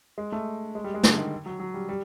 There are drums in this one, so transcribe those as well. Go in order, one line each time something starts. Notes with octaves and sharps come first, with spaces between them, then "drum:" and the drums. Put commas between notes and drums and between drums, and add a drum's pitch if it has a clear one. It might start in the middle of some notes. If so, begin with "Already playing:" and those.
G#3
A3
G#3
G3
G#3
D3, drum: snare
D#3
F#3
F#3
G3
G3